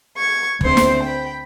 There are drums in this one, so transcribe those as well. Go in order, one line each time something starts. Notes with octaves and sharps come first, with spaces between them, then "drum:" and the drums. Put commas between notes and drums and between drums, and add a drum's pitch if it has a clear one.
C#6 G#6
D2 C4 C5 C6, drum: kick
drum: snare
G5 B5